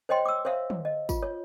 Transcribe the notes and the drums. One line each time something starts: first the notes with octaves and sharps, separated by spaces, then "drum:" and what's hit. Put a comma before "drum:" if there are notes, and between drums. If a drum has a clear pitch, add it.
C5 C#5 D#5 G5 C6
D6 E6
C5 C#5 E5 F5
drum: tom
D#5
F4, drum: kick, tambourine
C#5